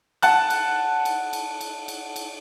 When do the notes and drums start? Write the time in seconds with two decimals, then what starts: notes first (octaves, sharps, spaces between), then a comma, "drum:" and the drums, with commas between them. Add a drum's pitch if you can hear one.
0.22 F#5 A5 F#6, drum: cymbal
0.50 drum: cymbal
1.05 drum: cymbal
1.33 drum: cymbal
1.61 drum: cymbal
1.88 drum: cymbal
2.16 drum: cymbal